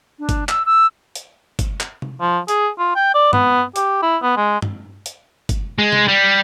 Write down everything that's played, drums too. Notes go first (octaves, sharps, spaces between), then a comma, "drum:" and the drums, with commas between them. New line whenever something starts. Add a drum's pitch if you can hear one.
D4
drum: kick, hi-hat
E6, drum: clap
E6
drum: hi-hat
drum: kick, hi-hat
drum: clap
drum: tom C3
F3
G#4, drum: hi-hat
F4
G5
D5
B3, drum: tom
G4, drum: hi-hat
E4
B3
G#3
drum: tom
drum: hi-hat
drum: kick, hi-hat
G#3
drum: tom C3
G3